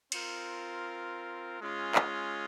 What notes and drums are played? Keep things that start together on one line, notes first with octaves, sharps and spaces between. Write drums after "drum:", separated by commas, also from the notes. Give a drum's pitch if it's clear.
C4 F4 A#4, drum: cymbal
G#3 C#4 F4
drum: clap